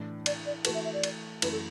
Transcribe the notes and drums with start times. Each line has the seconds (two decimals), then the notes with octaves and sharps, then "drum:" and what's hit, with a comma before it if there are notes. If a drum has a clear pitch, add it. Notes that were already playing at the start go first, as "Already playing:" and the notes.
Already playing: A2 E3 D4
0.26 D5, drum: cymbal
0.46 D5
0.65 E3 A3 F#4 A4 B4, drum: cymbal
0.74 E5
0.85 E5
0.93 D5
1.03 drum: cymbal
1.42 F#2 E3 A3 E4 B4, drum: cymbal
1.52 A4